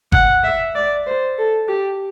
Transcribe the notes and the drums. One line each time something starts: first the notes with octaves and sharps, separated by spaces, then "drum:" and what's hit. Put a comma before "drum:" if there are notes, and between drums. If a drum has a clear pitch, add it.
F#5, drum: kick G1
E5
D5
C5
A4
G4